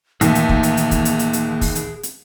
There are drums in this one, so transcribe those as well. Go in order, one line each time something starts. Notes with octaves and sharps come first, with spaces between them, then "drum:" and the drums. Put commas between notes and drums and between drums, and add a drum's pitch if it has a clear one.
D#2 A#2 E3 A3 A#3 G#4 E5, drum: hi-hat
drum: hi-hat
drum: kick
drum: hi-hat
drum: hi-hat
drum: kick, hi-hat
drum: hi-hat
drum: hi-hat
drum: hi-hat
drum: kick, open hi-hat
drum: hi-hat
drum: hi-hat